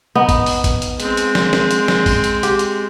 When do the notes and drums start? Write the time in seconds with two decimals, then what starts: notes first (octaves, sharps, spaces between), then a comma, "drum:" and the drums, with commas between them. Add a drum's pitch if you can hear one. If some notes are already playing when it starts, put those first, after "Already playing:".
0.15 B3 D#4
0.29 drum: kick A1, hi-hat
0.46 drum: open hi-hat
0.64 drum: kick A1, hi-hat
0.82 drum: hi-hat
1.00 G#3 C4, drum: hi-hat
1.17 drum: hi-hat
1.35 drum: snare
1.53 drum: snare
1.71 drum: hi-hat
1.88 drum: snare
2.06 drum: kick A1, open hi-hat
2.24 drum: hi-hat
2.43 G4, drum: hi-hat
2.59 drum: hi-hat